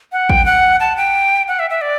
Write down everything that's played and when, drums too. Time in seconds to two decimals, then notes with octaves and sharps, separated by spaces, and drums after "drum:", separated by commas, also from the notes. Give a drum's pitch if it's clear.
0.12 F#5
0.30 G5, drum: kick
0.46 F#5
0.80 A5
0.97 G5
1.48 F#5
1.59 E5
1.70 E5
1.81 D5